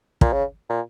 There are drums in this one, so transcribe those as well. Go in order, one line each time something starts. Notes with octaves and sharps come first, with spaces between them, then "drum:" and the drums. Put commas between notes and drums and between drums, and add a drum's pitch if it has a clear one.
A#2, drum: kick
C#3
A#2